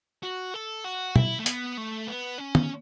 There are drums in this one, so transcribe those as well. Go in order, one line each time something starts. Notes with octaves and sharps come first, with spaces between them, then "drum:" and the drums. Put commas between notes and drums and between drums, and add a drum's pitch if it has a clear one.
F#4
A4
F#4
E4, drum: tom
A3
B3, drum: hi-hat
A3
B3
C#4
drum: tom